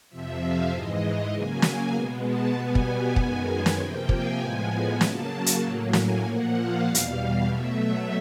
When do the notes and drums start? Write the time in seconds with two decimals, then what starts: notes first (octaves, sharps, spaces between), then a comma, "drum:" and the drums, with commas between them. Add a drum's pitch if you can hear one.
0.09 F2 C3 F3 E5
0.40 F5
0.71 G#2 E3 G#3 D#5
1.32 C#3 F#3 A#3 G#5
1.62 drum: snare
1.93 B2 G#3 B3
2.24 A5
2.55 B2 G3 B3 G#5
2.75 drum: kick
2.86 G#5
3.16 F#2 D#3 G#3 B3, drum: kick
3.66 drum: snare
3.78 C3 F3 A#3 G5
4.09 G#5, drum: kick
4.39 A2 F3 G#3 B3 G#5
4.70 G#5
5.01 C#3 F#3 A#3 A5, drum: snare
5.46 drum: hi-hat
5.62 A2 F#3 A#3
5.93 G#5, drum: snare
6.24 A#2 F3 A#3 F#5
6.54 F5
6.85 E2 B2 G3
6.95 drum: hi-hat
7.47 B2 F#3 A3 E5